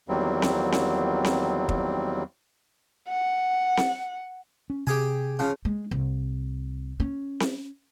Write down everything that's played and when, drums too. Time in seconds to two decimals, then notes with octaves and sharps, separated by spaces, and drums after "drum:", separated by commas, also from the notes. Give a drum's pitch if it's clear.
0.08 E2 D#3 F#3 G3 A#3 C4
0.42 drum: snare C4
0.72 drum: snare C4
1.25 drum: snare C4
1.69 drum: kick
3.09 F#5
3.77 drum: snare C4
4.70 C#4
4.87 C3 G4 G#4 G#5
5.39 C#3 F3
5.65 G#3
5.91 C2
7.00 C#4
7.40 drum: snare C4